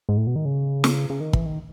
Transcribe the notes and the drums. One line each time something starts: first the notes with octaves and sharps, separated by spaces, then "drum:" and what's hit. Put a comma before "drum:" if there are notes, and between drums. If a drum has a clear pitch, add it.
G#2
A2
B2
D#3
C#3
drum: snare
C#3
D#3
E3, drum: kick
D#3